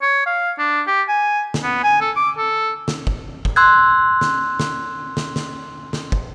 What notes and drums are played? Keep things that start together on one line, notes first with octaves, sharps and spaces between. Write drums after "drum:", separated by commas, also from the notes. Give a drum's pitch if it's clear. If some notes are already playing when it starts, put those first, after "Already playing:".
C#5
F5
D4
G4
G#5
drum: snare
B3
G#5
A4
D6
A4
drum: snare
drum: kick
drum: kick
C6 E6 F#6 G#6
drum: snare
drum: snare
drum: snare
drum: snare
drum: snare
drum: kick